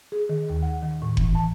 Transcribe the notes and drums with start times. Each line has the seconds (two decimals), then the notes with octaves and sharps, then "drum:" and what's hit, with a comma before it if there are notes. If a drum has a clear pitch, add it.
0.12 G#4
0.29 D#3
0.50 D#2
0.63 F#5
0.83 D#3
1.02 A2
1.17 E3, drum: kick F#1
1.35 A5